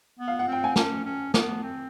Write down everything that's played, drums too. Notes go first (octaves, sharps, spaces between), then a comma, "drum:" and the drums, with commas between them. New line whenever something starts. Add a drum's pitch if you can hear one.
B3
F5
F#5
C4 G5
G#5
C#4 A5, drum: snare
C#4
B3, drum: snare
C4